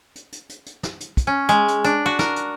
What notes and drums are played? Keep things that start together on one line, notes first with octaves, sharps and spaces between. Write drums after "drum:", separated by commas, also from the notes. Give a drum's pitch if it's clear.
drum: hi-hat
drum: hi-hat
drum: hi-hat
drum: hi-hat
drum: snare
drum: hi-hat
drum: kick, hi-hat
C#4
G#3, drum: hi-hat
drum: hi-hat
D4, drum: hi-hat
F#4
A#4, drum: snare
drum: hi-hat